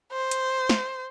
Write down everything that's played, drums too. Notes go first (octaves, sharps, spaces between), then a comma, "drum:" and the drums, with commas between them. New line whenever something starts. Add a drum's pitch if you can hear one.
C5
drum: hi-hat
drum: snare